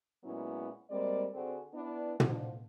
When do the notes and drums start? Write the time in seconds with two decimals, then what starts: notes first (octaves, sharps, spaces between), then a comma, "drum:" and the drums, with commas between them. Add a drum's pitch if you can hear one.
0.24 A#2 F#3 G#3 B3 C#4 E4
0.90 G3 G#3 A#3 C4 D5
1.33 D3 C4 F#4 G#4 A4 D5
1.74 B3 D4 E4
2.20 B2 D3 F3, drum: tom